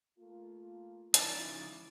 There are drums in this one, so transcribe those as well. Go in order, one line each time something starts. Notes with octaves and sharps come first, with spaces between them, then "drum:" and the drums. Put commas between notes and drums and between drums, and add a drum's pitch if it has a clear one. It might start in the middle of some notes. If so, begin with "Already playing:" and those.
A3 A#3 F4
F3 C#4 D#4 E4 D5, drum: hi-hat